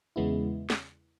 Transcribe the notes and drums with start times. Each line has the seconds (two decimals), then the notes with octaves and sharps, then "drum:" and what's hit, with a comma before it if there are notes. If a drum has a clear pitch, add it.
0.16 E2 C#3 G#3 B3 E4
0.70 drum: snare